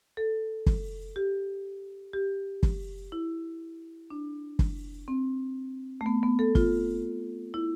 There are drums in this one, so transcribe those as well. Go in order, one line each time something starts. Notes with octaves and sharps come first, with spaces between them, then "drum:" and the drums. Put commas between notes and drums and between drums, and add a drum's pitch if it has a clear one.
A4
drum: kick F#1
G4
G4
drum: kick F#1
E4
D4
drum: kick F#1
C4
A3
B3
B3
A4
F4, drum: kick F#1
E4